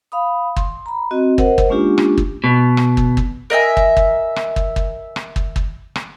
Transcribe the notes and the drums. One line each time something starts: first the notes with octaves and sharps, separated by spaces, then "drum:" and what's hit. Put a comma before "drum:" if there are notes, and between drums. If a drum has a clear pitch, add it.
F5 B5 D#6
C6, drum: kick
A#5 B5
C4 F#4 D#5
A#4 C5 D#5 F#5, drum: kick
drum: kick
G#3 A#3 C#4 D4 F4 G4
drum: rim click
drum: kick
B2
drum: rim click
drum: kick
drum: kick
A#4 D#5 E5 G#5
drum: kick
drum: kick
drum: rim click
drum: kick
drum: kick
drum: rim click
drum: kick
drum: kick
drum: rim click